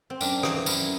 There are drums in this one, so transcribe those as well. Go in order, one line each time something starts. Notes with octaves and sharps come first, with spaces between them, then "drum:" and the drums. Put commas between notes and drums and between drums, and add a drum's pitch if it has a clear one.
C4
F#2 D4, drum: tambourine
E3, drum: rim click
F#2 E4, drum: tambourine